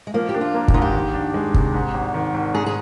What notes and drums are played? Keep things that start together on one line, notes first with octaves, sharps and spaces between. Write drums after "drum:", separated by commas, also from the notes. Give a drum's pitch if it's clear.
G#3
F3 A#3
G4
D4
F4
A#3
G4, drum: kick
G#2 F4
G4
D#3
D4
G#3
C3, drum: kick
G#2
G#1
D#3
G#1
G#2 G#4
G#4